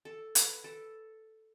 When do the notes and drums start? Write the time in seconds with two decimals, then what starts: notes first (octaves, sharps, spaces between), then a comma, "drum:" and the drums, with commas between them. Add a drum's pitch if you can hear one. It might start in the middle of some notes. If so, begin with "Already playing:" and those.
0.05 A4
0.35 B4, drum: hi-hat
0.64 A4